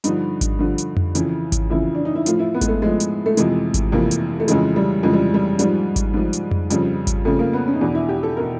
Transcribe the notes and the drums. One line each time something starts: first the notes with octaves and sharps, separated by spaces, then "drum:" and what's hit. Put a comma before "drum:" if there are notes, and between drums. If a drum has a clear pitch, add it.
G2 D3 F3 D#4, drum: hi-hat
drum: kick G#1, hi-hat
G2 D3 F3
drum: hi-hat
drum: tom F2
F2 C#3 E3, drum: hi-hat
drum: kick G#1, hi-hat
F2 C#3 E3 E4
D4
D#4
E4
A2 F3 F4, drum: hi-hat
E4
B3
G#3, drum: kick G#1, hi-hat
A3
A2 F3 G#3
drum: hi-hat
A3
F2 C3 E3 G#3, drum: hi-hat
drum: kick G#1, hi-hat
F2 C3 E3 A#3
drum: hi-hat
A3
F2 C#3 E3 G#3, drum: hi-hat
G3
F2 C#3 E3 G#3
G3
G3
G#2 F3 G3, drum: hi-hat
drum: kick G#1, hi-hat
G#2 F3
drum: hi-hat
drum: tom F2
F2 C#3 F3 G3, drum: hi-hat
drum: kick G#1, hi-hat
F2 C#3 F3 A3
A#3
B3
C#4
D#4
E2 B2 D4
E4
G4
A4
B2 A#4